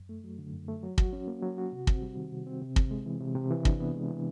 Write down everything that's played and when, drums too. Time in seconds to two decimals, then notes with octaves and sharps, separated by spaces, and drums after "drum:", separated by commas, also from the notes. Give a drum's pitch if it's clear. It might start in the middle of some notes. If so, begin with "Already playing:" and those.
Already playing: F#2
0.09 A3
0.24 F#3
0.39 D3
0.53 F#2
0.68 A3
0.83 F#3
0.98 F#4, drum: kick
1.13 C#4
1.27 A#3
1.42 F#3
1.58 F#4
1.72 C3
1.87 C4, drum: kick
2.02 G3
2.17 D#3
2.32 C3
2.47 C4
2.62 C3
2.76 C3, drum: kick
2.91 G#3
3.06 E3
3.21 C3
3.35 C3
3.50 E3
3.65 D4, drum: kick
3.80 B3
3.94 G#3
4.09 E3